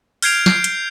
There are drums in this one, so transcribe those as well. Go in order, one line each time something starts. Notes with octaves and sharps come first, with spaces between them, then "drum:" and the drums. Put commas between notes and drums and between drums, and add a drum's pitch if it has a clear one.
F6 G6 G#6 C7 D7 F7, drum: open hi-hat
G6 C7 D7, drum: snare
drum: hi-hat